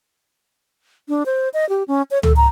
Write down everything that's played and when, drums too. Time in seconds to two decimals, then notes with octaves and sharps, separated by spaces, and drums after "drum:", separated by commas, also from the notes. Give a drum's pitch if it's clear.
1.09 D4
1.26 C5
1.54 D#5
1.69 G4
1.88 C#4
2.11 C#5
2.23 A4, drum: tom C#2
2.36 A#5